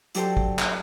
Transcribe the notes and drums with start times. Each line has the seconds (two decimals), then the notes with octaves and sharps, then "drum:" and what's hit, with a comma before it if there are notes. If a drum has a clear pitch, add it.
0.15 F#3 D4 G4 A4 C5 G5, drum: hi-hat
0.37 drum: kick
0.59 drum: clap